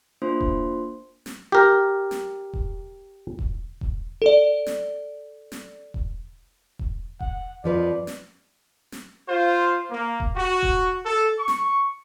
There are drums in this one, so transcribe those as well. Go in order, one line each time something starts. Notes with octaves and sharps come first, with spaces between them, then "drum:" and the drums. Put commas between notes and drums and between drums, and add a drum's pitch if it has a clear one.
A#3 D4 F4 C5 C6
drum: kick E1
drum: snare
G4 A#4
drum: snare
drum: kick E1
drum: kick E1
drum: kick E1
A4 D5
drum: snare
drum: snare
drum: kick E1
drum: kick E1
F#5, drum: kick E1
F2 F3 B4 D5
drum: snare
drum: snare
F4 C5
A#3
drum: kick E1
F#4
drum: kick E1
A4
C#6
drum: snare